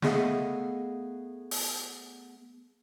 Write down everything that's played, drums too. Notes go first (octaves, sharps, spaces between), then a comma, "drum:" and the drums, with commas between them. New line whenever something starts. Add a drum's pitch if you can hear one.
A3 B3 G#4 A4 D#5 F5, drum: snare
drum: open hi-hat